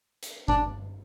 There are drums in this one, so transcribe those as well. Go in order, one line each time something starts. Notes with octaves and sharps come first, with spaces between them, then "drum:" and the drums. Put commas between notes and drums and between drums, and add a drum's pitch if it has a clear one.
drum: hi-hat
D4, drum: kick G1